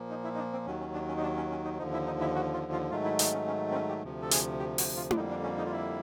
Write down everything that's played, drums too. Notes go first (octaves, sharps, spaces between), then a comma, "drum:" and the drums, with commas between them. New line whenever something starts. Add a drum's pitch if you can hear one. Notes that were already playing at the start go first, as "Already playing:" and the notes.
Already playing: A#2 F3 A#3
D#4
E4
D#4
D4
C4
D#2 D#3 F#3 C#4
C#4
D4
C#4
D#4
D4
C#4
C#4
D#4
D#2 D3 F3 D#4
E4
D#4
E4
F#4
F4
F4
G#2 D#3 F#3 A3 F4
E4
D#4, drum: hi-hat
C#4
C#4
C4
C#4
G4
D2 C3 F3
A4
G#4, drum: hi-hat
G4
F#4, drum: open hi-hat
F4
D4, drum: tom E4
F2 D3 G3 A#3 D#4
D4
C#4
D#4
F4
E4